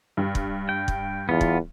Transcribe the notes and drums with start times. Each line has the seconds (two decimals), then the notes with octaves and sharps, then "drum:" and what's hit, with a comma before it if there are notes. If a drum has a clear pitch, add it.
0.17 G2
0.35 drum: kick
0.69 G5
0.88 drum: kick
1.29 E2 B3 F4
1.41 drum: kick